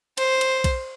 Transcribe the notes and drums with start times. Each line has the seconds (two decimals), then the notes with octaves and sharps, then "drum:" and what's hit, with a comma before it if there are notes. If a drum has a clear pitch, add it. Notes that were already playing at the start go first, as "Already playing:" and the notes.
0.18 C5, drum: cymbal
0.41 drum: cymbal
0.64 drum: kick B1, cymbal